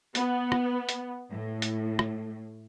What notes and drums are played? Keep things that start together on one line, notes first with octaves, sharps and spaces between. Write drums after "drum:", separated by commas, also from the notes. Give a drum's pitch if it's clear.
B3, drum: hi-hat
drum: rim click
drum: hi-hat
A2
drum: hi-hat
drum: rim click